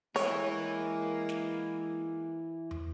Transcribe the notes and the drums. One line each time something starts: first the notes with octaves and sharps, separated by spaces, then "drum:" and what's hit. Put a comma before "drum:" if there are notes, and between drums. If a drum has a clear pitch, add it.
E3 G#3 A#3 C#5, drum: open hi-hat
drum: snare
drum: tom